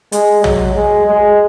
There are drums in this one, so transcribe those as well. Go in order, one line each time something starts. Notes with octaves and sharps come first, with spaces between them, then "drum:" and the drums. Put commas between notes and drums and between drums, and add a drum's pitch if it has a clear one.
G#3, drum: hi-hat
F#3, drum: tom A#1
G#3
G#3